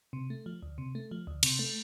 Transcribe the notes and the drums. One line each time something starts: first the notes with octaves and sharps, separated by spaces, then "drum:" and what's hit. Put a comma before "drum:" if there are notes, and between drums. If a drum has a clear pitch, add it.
C3
A3
F3
D2
C3
A3
F3
D2
C3, drum: cymbal
A3